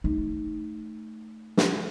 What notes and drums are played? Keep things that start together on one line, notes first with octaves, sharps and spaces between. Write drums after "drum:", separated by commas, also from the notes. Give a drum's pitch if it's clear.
A3 D#4
drum: snare